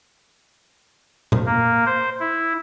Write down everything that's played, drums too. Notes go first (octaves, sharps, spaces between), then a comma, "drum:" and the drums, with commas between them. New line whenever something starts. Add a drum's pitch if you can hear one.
drum: tom A#2
A#3
C5
E4